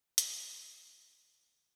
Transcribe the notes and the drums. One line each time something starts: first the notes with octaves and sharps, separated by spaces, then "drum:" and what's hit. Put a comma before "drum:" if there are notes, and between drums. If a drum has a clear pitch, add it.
E3 D#4 D5 B5, drum: hi-hat